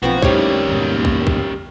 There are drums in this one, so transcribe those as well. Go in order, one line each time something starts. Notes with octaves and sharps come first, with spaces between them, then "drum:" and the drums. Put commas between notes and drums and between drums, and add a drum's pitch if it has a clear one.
B1 F3 B3 C4 F4 F#4
A2 G3 A#3 C#4 D#4 C#5, drum: kick
D#2 G#2 B2
drum: kick
drum: kick